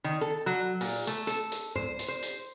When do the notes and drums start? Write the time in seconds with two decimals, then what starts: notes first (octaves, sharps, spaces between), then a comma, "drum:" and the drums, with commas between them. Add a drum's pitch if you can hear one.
0.04 D#3
0.21 A4
0.46 F#3
0.81 A#2, drum: open hi-hat
1.07 A3, drum: hi-hat
1.27 A4, drum: hi-hat
1.52 drum: hi-hat
1.76 C5, drum: tom G#2
1.99 drum: hi-hat
2.08 C5
2.23 drum: hi-hat